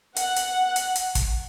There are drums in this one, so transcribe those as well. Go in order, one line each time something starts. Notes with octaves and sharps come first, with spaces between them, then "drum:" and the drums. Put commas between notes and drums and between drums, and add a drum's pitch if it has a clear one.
F#5, drum: hi-hat
drum: hi-hat
drum: hi-hat
drum: hi-hat
drum: kick, hi-hat